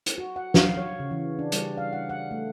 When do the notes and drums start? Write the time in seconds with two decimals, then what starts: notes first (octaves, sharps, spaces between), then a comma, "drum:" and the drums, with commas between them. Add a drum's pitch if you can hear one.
0.06 drum: hi-hat
0.18 F#4
0.36 F#5
0.54 F5, drum: snare
0.77 C#5
1.00 C#3
1.11 E3
1.39 D4
1.52 G3, drum: hi-hat
1.78 F5
1.93 F#5
2.09 F#5
2.31 A3